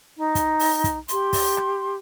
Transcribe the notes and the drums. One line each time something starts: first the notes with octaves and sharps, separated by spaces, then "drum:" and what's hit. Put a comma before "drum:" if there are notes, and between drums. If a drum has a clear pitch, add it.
D#4
drum: kick, hi-hat
drum: open hi-hat
drum: kick, hi-hat
G4 C6, drum: hi-hat
drum: kick, open hi-hat
drum: rim click